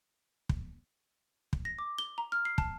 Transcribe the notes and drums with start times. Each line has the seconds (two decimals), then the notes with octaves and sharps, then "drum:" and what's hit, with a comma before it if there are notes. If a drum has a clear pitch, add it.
0.49 drum: kick
1.53 drum: kick
1.65 A#6
1.79 D6
1.98 G7
2.18 A#5
2.32 F6
2.45 C7
2.58 A5, drum: kick